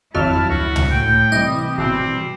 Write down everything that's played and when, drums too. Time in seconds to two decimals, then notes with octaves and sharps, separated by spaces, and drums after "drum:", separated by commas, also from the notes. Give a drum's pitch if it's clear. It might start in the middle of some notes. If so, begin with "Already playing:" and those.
0.15 G#1 F2 F#3 E4 A5 F6
0.50 D2 F#4
0.76 drum: tom C#2
0.91 A2 G5
1.32 C3 E3 G3 D#5
1.78 G#1 B2 C4